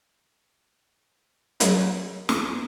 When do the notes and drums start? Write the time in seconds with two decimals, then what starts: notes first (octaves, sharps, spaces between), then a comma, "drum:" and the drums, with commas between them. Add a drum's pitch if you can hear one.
1.60 F#3 G#3 A#3 C#4 F#4, drum: hi-hat
2.29 drum: snare